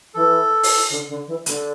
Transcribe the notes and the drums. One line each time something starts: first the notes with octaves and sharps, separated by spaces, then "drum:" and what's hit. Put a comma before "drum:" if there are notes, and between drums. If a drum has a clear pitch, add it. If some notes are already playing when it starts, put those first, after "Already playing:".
E3 A4
drum: open hi-hat
D3
D3
E3
D3, drum: hi-hat